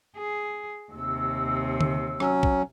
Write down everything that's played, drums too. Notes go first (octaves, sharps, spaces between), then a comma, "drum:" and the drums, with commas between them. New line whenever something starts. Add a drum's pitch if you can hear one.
G#4
D#2 C3 E6
drum: tom D3
F#3 C#4, drum: rim click
drum: kick A#1